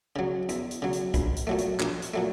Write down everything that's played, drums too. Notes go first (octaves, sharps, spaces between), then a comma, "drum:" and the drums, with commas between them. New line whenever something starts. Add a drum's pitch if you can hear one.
C#3 F#3
E2, drum: hi-hat
drum: hi-hat
C#3 F#3
drum: hi-hat
A#1 B5, drum: kick, hi-hat
drum: hi-hat
A#2 F#3 A3
drum: hi-hat
A#1, drum: clap
drum: hi-hat
A#2 F#3 A3